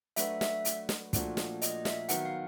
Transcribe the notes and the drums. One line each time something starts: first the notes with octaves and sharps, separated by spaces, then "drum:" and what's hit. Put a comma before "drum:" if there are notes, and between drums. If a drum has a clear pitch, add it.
F#3 A3 D4 F#4 B4 E5, drum: hi-hat
E5, drum: snare
drum: hi-hat
drum: snare
A#2 F3 A3 D4 F#4, drum: kick, hi-hat
drum: snare
D#5, drum: hi-hat
E5, drum: snare
D#3 F#3 B3 F#5, drum: hi-hat
F5